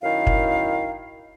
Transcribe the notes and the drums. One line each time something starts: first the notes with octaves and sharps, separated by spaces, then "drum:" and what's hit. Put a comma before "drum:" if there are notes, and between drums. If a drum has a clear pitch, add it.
F#2 D#3 E4 F5
drum: kick